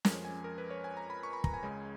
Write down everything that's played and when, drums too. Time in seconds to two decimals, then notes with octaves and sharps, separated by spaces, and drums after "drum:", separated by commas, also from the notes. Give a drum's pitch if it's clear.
0.05 F2 F3 G#3 C#4 A#4, drum: snare
0.25 G#5
0.44 A#4
0.58 B4
0.70 C#5
0.84 G#5
0.97 A#5
1.10 B5
1.23 C#6
1.33 B5
1.44 A#5, drum: kick
1.54 G#5
1.63 C#2 C#3 G#3 C#4